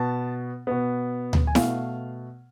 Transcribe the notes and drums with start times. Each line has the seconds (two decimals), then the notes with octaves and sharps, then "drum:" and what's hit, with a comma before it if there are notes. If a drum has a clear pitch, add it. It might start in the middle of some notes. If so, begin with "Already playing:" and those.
Already playing: B2 B3 A5
0.67 B2 B3
1.33 drum: tom D2
1.47 G#5
1.55 B2 A3 F5, drum: snare E4